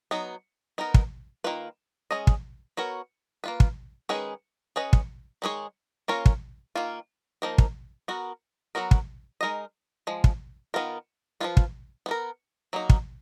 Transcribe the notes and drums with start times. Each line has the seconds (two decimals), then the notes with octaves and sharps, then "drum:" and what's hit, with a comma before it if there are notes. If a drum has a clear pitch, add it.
0.11 F#3 B3 D#4
0.78 B3 D#4 A#4
0.94 drum: kick
1.44 D#3 A#3 F4 B4
2.11 G#3 C#4 G#4 D#5
2.27 drum: kick
2.77 B3 F#4 A#4 C#5
3.44 A#3 F4 B4
3.60 drum: kick
4.09 D#3 G#3 C#4 G#4 B4
4.76 C#4 G#4 B4 D#5
4.93 drum: kick
5.42 D#3 G#3 D#4 G#4 C#5
6.08 A#3 C#4 F4 A#4 C#5
6.26 drum: kick
6.75 D#3 A#3 F4
7.42 F3 A#3 D#4 A#4
7.58 drum: kick
8.08 B3 F#4 A#4
8.75 F#3 B3 F#4 A#4
8.91 drum: kick
9.41 G#3 D#4 A#4 D#5
10.07 F3 G#3
10.24 drum: kick
10.74 D#3 F#3 B3 F4 A#4
11.40 F3 A#3 F4 B4
11.57 drum: kick
12.06 B3 F4 A#4
12.73 F#3 A#3 D#4
12.90 drum: kick